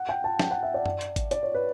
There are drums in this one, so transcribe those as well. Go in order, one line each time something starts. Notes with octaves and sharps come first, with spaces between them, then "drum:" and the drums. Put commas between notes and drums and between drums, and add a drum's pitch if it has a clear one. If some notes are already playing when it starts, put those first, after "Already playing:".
Already playing: F#5
G5
A5
G5, drum: snare
F#5
E5
D5
drum: tom F#2
drum: hi-hat
drum: kick G#1, hi-hat
D5, drum: hi-hat
C#5
B4